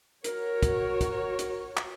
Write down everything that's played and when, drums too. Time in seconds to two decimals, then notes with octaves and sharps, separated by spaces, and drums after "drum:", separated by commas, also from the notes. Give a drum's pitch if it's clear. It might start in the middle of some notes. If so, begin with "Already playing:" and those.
0.24 F#4 A#4 C#5, drum: hi-hat
0.63 drum: kick, hi-hat
1.01 drum: kick, hi-hat
1.39 drum: hi-hat
1.77 drum: clap